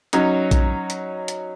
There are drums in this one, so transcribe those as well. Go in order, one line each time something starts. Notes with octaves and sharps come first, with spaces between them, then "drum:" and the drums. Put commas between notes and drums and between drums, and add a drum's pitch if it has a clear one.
F#3 C#4 D#4, drum: hi-hat
drum: kick A#1, hi-hat
drum: hi-hat
drum: hi-hat